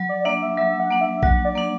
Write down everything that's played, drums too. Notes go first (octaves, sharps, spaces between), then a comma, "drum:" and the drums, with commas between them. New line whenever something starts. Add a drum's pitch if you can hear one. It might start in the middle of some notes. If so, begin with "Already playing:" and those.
Already playing: F#3
D5
D5
A#3 D4 E5
E5
F#3 E5
F#5
A#3 D4
E5
F#3 F#5, drum: kick A#1
D5
A#3 D4